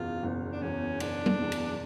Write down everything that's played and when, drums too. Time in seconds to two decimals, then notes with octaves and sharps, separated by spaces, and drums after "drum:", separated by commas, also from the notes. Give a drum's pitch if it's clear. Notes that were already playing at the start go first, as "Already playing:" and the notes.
Already playing: F#1 E2 B2 F4
0.23 F#1
0.52 D4
0.62 E2 B2 C#4
1.00 F#1 D4, drum: cymbal
1.26 drum: tom F#3
1.39 E2 B2
1.52 drum: cymbal